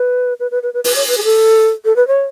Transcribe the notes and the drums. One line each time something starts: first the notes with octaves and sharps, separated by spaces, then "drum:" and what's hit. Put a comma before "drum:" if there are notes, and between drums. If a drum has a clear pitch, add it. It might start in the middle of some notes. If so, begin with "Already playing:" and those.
Already playing: B4
B4
B4
B4
B4
B4, drum: open hi-hat
C#5
B4
G#4
A4
A4
B4
C#5